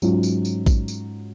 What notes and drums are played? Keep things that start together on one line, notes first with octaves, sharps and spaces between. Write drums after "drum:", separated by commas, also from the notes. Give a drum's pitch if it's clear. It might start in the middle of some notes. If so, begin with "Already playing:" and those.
G#2 F#3 C#4 F4, drum: tambourine
drum: tambourine
drum: tambourine
drum: kick A1, tambourine
drum: tambourine